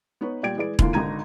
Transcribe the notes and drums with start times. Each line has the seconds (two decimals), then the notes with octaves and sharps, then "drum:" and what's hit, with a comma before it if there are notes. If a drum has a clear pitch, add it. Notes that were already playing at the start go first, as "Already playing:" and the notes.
0.21 B3 D#4 B4 C#5
0.43 A#2 G3 D5 G5 G#6 D7
0.56 E3 G#3 G#4 B4 D5 D7
0.79 D3 E3 A#3 F4, drum: kick E1
0.93 G#1 D3 D#4 A#5 G#6 D#7